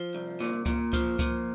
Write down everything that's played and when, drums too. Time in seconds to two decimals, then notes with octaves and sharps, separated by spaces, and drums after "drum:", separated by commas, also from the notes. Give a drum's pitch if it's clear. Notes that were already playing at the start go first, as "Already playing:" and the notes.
Already playing: F3
0.15 C2
0.40 A#2, drum: snare
0.66 A#2, drum: kick C#2, hi-hat
0.93 F3, drum: kick C#2, hi-hat
1.19 A#2, drum: kick C#2, hi-hat